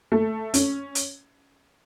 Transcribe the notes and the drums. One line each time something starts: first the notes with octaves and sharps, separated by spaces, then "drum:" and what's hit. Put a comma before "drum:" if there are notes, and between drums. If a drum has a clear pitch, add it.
A3
C#4, drum: hi-hat
drum: hi-hat